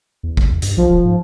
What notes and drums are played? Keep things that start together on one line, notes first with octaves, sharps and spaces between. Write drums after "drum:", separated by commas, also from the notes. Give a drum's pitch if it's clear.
E2
drum: kick
G2, drum: hi-hat
B1 F3
D#1
G#2